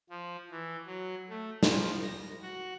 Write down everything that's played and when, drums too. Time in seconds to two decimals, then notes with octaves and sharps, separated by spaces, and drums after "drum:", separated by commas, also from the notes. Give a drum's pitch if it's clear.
0.10 F3
0.51 E3
0.86 F#3
1.29 A3
1.63 F3, drum: snare
2.02 A#6
2.42 F#4